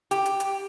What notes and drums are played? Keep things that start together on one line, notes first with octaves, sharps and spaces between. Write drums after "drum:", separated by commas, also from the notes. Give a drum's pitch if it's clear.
G4, drum: hi-hat
drum: hi-hat
drum: hi-hat